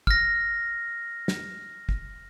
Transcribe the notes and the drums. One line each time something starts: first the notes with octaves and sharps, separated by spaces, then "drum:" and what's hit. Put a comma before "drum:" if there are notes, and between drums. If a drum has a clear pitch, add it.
F6 A#6, drum: kick
drum: snare
drum: kick